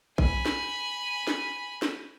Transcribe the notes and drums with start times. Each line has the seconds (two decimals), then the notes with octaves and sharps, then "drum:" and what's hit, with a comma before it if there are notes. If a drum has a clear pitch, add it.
0.18 G#5 B5, drum: kick A#1
0.46 drum: snare
1.27 drum: snare
1.82 drum: snare